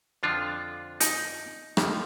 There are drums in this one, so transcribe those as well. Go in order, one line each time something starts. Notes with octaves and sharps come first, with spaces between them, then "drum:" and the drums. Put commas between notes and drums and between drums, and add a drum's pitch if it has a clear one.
F2 D3 F3 D4 F4
D#4, drum: hi-hat
D#2 D3 F3, drum: rim click